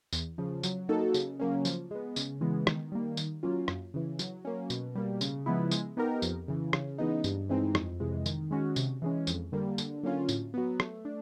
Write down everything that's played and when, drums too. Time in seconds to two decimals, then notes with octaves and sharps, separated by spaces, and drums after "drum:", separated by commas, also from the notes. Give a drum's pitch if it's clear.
0.13 E2, drum: tambourine
0.38 C#3 F3
0.63 F#3, drum: tambourine
0.89 A#3 D#4 F#4 A4
1.14 C#3, drum: tambourine
1.40 F#3 A#3 C#4
1.65 F3, drum: tambourine
1.91 G#3 B3
2.16 C#3, drum: tambourine
2.41 E3 G#3 B3
2.67 D#3, drum: rim click
2.92 G3 A#3
3.17 D#3, drum: tambourine
3.43 F#3 A#3 C#4 F4
3.68 F#2, drum: rim click
3.94 C#3 E3
4.19 F#3, drum: tambourine
4.45 A#3 C#4
4.70 B2, drum: tambourine
4.95 G3 A#3
5.21 C#3, drum: tambourine
5.46 F3 G#3 B3 E4
5.71 G#3, drum: tambourine
5.97 B3 D#4 G4 A#4
6.22 F2, drum: tambourine
6.48 C#3 E3
6.73 C#3, drum: rim click
6.98 E3 G#3 B3 D#4
7.24 G2, drum: tambourine
7.49 E3 G#3 C4 D#4
7.75 F2, drum: rim click
8.00 C3 E3 G#3
8.26 D#3, drum: tambourine
8.51 G#3 C#4 F#4
8.76 C3, drum: tambourine
9.02 E3 G#3 C#4
9.27 F2, drum: tambourine
9.52 D3 G3 A#3
9.78 D3, drum: tambourine
10.03 F#3 A#3 C#4 F4
10.29 A2, drum: tambourine
10.54 F#3 B3
10.80 A3, drum: rim click
11.05 D4